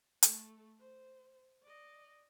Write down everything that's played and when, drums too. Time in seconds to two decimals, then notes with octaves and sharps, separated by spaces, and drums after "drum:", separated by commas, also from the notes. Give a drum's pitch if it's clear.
0.23 A3 A4, drum: hi-hat
0.79 C5
1.62 D5 D#5